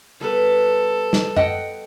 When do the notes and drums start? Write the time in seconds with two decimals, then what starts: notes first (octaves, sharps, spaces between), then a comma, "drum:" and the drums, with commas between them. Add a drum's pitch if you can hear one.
0.21 G3 B3 A4 B4
1.13 drum: snare
1.36 D#5 F#5 G5, drum: tom F#2